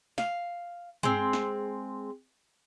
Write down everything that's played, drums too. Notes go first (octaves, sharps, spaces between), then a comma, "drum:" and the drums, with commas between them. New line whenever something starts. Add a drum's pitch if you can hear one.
F5, drum: snare
G#3 C4, drum: tom
drum: snare